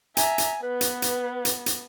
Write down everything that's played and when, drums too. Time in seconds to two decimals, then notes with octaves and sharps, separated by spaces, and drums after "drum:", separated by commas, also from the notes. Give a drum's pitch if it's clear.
0.17 E5 G#5 A#5, drum: hi-hat
0.38 drum: hi-hat
0.63 B3 B4
0.81 drum: hi-hat
1.02 drum: hi-hat
1.45 drum: hi-hat
1.66 drum: hi-hat